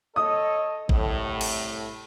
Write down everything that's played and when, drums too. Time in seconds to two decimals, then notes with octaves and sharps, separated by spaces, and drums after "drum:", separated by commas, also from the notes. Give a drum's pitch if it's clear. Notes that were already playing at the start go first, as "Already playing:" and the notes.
0.16 A4 C#5 D#5 D#6
0.89 C2 A2, drum: kick A1
1.41 drum: cymbal